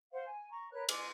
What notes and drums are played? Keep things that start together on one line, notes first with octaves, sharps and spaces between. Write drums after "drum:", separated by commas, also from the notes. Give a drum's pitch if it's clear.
C5 F5 F#5
G#5
A#5 C#6
A#4 B4 C#5 F#6
G#5 C6 D6, drum: cymbal